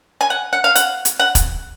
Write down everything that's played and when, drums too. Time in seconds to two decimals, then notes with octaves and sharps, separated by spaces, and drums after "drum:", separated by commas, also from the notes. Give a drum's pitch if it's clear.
0.21 G#5
0.30 F#5
0.53 F#5
0.64 F5
0.75 F#5, drum: hi-hat
1.05 drum: hi-hat
1.20 F#5
1.35 drum: kick, hi-hat